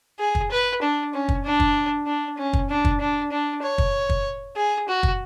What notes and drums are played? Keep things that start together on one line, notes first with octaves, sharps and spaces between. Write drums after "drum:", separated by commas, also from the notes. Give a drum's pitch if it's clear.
G#4
drum: kick
B4
D4
C#4
drum: kick
D4
drum: kick
D4
C#4
drum: kick
D4
drum: kick
D4
D4
C#5
drum: kick
drum: kick
G#4
F#4
drum: kick